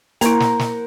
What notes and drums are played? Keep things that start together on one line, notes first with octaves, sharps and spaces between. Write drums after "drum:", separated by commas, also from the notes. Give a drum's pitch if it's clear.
A#3 E4 A#4 C5 F#5, drum: hi-hat
drum: snare
drum: snare